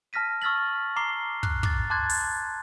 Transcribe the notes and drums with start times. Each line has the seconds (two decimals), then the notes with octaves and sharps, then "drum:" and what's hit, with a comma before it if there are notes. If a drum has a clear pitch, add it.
0.13 A5 F6 A#6 B6 D#7
0.42 C#6 E6 F6 A6 B6 F#7
0.96 A#5 D6 C7 G7
1.43 F#6, drum: kick
1.63 D6 A6, drum: kick
1.90 A5 C6 D6 F#6 G#6 A6
2.10 drum: open hi-hat